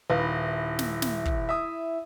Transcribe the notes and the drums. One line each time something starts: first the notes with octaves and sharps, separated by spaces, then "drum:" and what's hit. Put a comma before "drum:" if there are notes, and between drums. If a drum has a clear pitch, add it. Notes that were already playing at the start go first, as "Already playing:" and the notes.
D#1 E4 B4 F5
drum: snare
drum: snare
drum: kick
E5 D#6